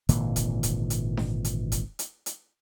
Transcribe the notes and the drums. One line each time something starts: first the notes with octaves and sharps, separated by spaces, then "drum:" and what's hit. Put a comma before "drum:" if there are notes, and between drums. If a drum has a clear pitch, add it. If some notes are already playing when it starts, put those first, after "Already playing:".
G#1 A#2 D3 E3, drum: hi-hat
drum: kick D#1, hi-hat
drum: kick D#1, hi-hat
drum: hi-hat
drum: snare D4
drum: hi-hat
drum: kick D#1, hi-hat
drum: hi-hat
drum: hi-hat